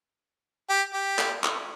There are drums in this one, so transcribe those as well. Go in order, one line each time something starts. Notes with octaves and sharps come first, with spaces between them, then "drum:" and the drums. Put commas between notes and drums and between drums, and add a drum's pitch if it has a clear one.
G4
G4
drum: clap
drum: clap